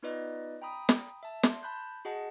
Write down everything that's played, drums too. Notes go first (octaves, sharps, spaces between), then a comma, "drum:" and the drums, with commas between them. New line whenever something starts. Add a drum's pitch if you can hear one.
B3 D#4 F4 B4 D5 D#5
G5 A#5 B5 D#6
drum: snare
E5 A5
C6, drum: snare
A5 B5 F#6 G6
F#4 G#4 D#5 F#5 A5